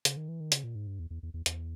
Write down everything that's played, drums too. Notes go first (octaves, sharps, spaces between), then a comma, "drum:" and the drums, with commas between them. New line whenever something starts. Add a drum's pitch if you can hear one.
C#3, drum: hi-hat
D#3
E3
D#3
C#3, drum: hi-hat
A#2
G#2
G2
E2
E2
E2
E2
E2, drum: hi-hat